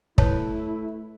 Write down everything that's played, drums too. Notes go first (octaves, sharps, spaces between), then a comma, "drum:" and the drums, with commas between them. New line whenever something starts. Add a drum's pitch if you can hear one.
A3 E4 B4 C#5 A5, drum: kick